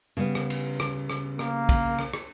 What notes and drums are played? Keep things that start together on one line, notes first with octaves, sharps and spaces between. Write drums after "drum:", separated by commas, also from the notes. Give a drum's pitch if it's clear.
C#3 G3 B3
drum: rim click
drum: cymbal
drum: rim click
drum: rim click
A#3, drum: rim click
drum: kick A#1, cymbal
drum: rim click
drum: rim click